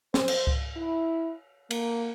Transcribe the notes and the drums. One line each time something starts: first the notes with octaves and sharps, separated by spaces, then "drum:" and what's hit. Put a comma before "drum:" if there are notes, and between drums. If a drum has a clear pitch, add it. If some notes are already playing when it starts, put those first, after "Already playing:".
C5, drum: snare
drum: cymbal
drum: kick C#2
E4
A#3, drum: cymbal